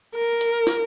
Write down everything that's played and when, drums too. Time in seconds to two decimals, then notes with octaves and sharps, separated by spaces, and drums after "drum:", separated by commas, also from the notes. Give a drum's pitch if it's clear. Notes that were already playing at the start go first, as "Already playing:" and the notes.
0.15 A#4
0.41 drum: hi-hat
0.67 drum: snare